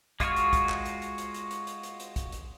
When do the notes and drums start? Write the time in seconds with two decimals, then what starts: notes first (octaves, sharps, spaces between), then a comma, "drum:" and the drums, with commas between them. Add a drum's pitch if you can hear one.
0.20 G#3 F4 F#4 C#6 F6, drum: kick, hi-hat
0.36 drum: hi-hat
0.53 drum: kick, hi-hat
0.69 drum: clap
0.85 drum: hi-hat
1.02 drum: hi-hat
1.18 drum: hi-hat
1.34 drum: hi-hat
1.51 drum: hi-hat
1.67 drum: hi-hat
1.83 drum: hi-hat
2.00 drum: hi-hat
2.16 drum: kick, hi-hat
2.32 drum: hi-hat